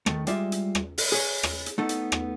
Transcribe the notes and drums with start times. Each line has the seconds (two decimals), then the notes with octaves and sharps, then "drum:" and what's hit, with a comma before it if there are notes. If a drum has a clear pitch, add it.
0.06 D#3 A3, drum: rim click
0.27 G3 G#3 F4 D5 E5, drum: hi-hat
0.52 drum: hi-hat
0.75 drum: rim click
0.98 drum: open hi-hat
1.12 G#4 C#5
1.43 drum: rim click
1.66 drum: hi-hat
1.78 A3 B3 D#4 A4
1.89 drum: hi-hat
2.12 drum: rim click